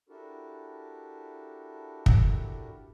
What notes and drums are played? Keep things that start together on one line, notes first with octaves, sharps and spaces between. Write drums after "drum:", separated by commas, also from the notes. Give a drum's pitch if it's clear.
D4 E4 F#4 G4 A4 A#4
drum: kick